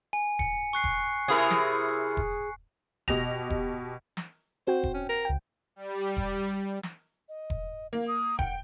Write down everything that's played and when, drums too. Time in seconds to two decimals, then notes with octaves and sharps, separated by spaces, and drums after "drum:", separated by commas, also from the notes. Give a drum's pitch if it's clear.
0.13 G#5
0.39 C#7, drum: kick E1
0.73 C#6 F#6 C7
0.84 drum: kick E1
1.28 C3 E4 G#4 A#4
1.50 drum: snare
2.17 drum: kick E1
3.08 B2 G4 D#5 A#6 F7, drum: kick E1
3.50 drum: kick E1
4.17 drum: snare
4.67 C4 F#4 C5 G5
4.83 drum: kick E1
4.94 C#4
5.09 A#4
5.25 C#2 G5
5.76 G3
6.17 drum: kick E1
6.83 drum: snare
7.29 D#5
7.50 drum: kick E1
7.93 A#3 F5
8.08 D#6
8.39 F#5 G5, drum: kick E1